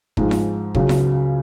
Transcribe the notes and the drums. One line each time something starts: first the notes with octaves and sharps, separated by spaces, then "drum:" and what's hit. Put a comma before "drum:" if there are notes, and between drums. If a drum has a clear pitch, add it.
G#2 F3 G#3, drum: kick
drum: snare E4
C#2 C#3 F#3, drum: kick
drum: snare E4